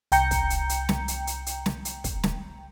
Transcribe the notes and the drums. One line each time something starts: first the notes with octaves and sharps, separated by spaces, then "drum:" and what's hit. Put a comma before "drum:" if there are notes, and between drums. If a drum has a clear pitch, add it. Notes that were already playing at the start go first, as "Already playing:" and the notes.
C2 G5 A#5 G6 C#7, drum: hi-hat
drum: kick, hi-hat
drum: hi-hat
drum: hi-hat
drum: snare
drum: hi-hat
drum: hi-hat
drum: hi-hat
drum: snare
drum: hi-hat
drum: kick, hi-hat
drum: snare